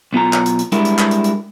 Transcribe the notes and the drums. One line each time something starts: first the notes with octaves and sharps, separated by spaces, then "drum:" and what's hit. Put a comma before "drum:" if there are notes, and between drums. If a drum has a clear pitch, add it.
B1 B3 F4 A#5
drum: clap
drum: hi-hat
drum: hi-hat
G3 G#3 D4 E4 A#4, drum: hi-hat
drum: hi-hat
drum: clap
drum: hi-hat
drum: hi-hat